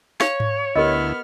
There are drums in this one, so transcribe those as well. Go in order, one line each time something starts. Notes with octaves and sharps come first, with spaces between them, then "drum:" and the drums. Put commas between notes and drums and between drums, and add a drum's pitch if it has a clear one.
C#5 F5, drum: snare
drum: tom G#2
D2 B3 E4 G4 A#4 D#5 F6